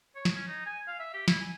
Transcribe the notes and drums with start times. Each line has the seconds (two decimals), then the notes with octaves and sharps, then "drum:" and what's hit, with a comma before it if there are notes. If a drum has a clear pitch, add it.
0.16 C#5
0.25 drum: snare
0.35 C#4
0.48 D#4
0.66 G#5
0.88 F5
0.99 E5
1.14 G4
1.28 E4, drum: snare
1.40 G#5